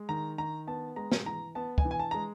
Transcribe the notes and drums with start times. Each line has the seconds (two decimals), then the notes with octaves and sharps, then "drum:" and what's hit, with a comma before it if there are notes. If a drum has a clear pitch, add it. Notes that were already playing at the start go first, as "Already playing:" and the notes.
Already playing: G#3
0.09 D#3 A#5
0.38 D#3 A#5
0.67 B3 A5
0.96 G#3 A#5
1.12 drum: snare
1.26 E3 A#5
1.55 B3 A5
1.78 G#5, drum: kick
1.85 E3
1.91 G#5
1.99 A5
2.11 G#3 A#5